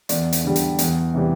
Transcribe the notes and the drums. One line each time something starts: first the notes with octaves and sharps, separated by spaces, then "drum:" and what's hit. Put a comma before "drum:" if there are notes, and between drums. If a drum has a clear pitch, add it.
E2 D5, drum: hi-hat
drum: hi-hat
D3 G3
drum: hi-hat
E2, drum: hi-hat
C3 E3 G3